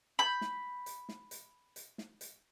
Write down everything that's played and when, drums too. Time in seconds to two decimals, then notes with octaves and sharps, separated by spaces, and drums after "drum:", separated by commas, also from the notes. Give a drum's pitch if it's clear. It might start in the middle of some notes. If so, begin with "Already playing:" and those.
0.19 B5 G6
0.41 drum: snare
0.86 drum: hi-hat
1.09 drum: snare
1.31 drum: hi-hat
1.76 drum: hi-hat
1.98 drum: snare
2.21 drum: hi-hat